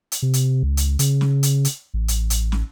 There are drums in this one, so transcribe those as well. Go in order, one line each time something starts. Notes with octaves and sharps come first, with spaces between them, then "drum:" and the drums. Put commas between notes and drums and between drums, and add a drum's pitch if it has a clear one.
drum: hi-hat
C3
drum: hi-hat
C#2
drum: hi-hat
C#3, drum: hi-hat
drum: snare
drum: hi-hat
drum: hi-hat
A1
drum: hi-hat
drum: hi-hat
drum: snare